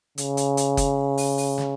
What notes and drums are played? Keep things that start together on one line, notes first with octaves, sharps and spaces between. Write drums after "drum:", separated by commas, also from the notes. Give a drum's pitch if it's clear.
C#3, drum: hi-hat
drum: hi-hat
drum: hi-hat
drum: kick F#1, hi-hat
drum: open hi-hat
drum: open hi-hat
drum: snare